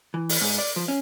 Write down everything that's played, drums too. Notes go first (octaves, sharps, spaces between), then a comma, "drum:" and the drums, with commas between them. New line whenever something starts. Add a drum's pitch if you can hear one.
E3
drum: open hi-hat
G#2
D5
F3
C#4